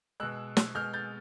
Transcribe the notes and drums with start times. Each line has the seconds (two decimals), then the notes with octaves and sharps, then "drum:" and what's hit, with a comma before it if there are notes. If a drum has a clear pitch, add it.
0.20 B2 G#3 E6 F#6
0.57 drum: snare
0.75 B2 G#3 F6 G6
0.93 G6 A6